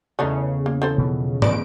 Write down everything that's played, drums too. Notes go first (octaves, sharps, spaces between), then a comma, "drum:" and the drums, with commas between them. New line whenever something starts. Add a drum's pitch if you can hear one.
E2 C#3 A3 D4 D#4
A#3
C4 A4 C5
B2 E3 F3
G#2 B4 D5 D7, drum: tom